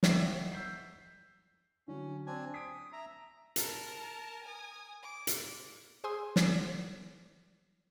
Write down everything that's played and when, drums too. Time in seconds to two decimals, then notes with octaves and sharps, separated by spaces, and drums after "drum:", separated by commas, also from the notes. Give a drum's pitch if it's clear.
0.03 D#5 E5 F#5 G5 C#6 E6, drum: snare
0.52 E6 G6 B6 C7
1.88 D3 F#3 C#4
2.27 C4 D4 G#5
2.54 D#6 B6 D7
2.93 E5 A#5
3.56 A#4 A5, drum: hi-hat
4.44 G#5 D#6
5.02 D6
5.27 drum: hi-hat
6.04 G#4 C5 G#5 C6 D#6 E6
6.36 drum: snare